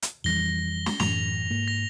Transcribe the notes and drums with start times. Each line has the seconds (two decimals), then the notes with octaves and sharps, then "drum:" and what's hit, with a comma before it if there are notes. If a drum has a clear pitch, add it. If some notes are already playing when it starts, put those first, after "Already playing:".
0.02 drum: hi-hat
0.24 F2 E3 G3 A#6 G7
0.86 drum: snare
1.00 F#2 A2 E3 F7, drum: snare
1.50 G#2 A#3
1.68 A#6